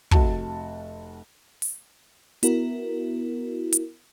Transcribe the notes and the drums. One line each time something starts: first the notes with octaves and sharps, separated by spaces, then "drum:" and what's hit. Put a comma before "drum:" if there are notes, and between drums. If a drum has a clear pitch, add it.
F1 F#4 A5, drum: kick
drum: open hi-hat
B3 E4 F#4 A#4, drum: hi-hat
drum: hi-hat